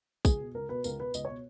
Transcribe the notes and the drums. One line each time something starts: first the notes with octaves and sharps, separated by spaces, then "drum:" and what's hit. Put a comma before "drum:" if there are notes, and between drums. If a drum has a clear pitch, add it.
C#2 G#4, drum: kick, tambourine
B2
C#2 A#4
B2 B4
C#2 A#4, drum: tambourine
B2 B4
C#2 D#5, drum: tambourine
B2 C#5